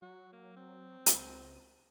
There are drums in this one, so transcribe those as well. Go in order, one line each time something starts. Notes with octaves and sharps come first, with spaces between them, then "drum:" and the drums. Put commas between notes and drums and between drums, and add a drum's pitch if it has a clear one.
F#3 F#4
A#3
C4
C#2, drum: hi-hat